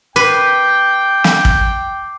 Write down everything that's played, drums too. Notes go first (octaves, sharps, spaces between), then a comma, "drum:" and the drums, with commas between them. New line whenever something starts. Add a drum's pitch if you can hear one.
B4 G5 D6 C7
drum: snare
drum: kick